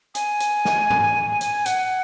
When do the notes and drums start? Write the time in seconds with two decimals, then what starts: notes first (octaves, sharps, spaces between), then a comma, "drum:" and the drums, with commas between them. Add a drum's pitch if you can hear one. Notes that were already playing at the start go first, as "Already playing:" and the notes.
0.15 G#5, drum: hi-hat
0.40 drum: hi-hat
0.65 drum: snare
0.90 drum: tom
1.41 drum: hi-hat
1.66 F#5, drum: hi-hat